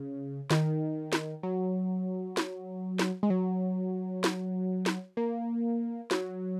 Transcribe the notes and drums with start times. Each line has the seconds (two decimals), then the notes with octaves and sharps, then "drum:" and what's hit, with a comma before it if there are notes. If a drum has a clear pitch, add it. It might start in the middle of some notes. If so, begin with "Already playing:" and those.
Already playing: C#3
0.51 D#3, drum: snare
1.13 drum: snare
1.43 F#3
2.37 drum: snare
2.99 drum: snare
3.23 G#3
3.30 F#3
4.24 drum: snare
4.86 drum: snare
5.17 A#3
6.11 F#3, drum: snare